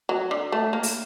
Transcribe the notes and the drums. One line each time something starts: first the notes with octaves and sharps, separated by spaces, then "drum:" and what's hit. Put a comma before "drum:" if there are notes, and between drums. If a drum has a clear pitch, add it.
F#3
D3
A3
A#3
drum: open hi-hat